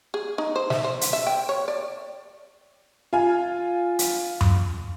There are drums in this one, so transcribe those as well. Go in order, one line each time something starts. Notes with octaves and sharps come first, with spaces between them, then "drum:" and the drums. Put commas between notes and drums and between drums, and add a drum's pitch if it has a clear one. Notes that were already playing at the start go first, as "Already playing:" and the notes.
G#4
D#4
C5
E5, drum: snare
C5
drum: hi-hat
E5
G5
C#5
D5
F4 G#5
drum: hi-hat
drum: tom F#2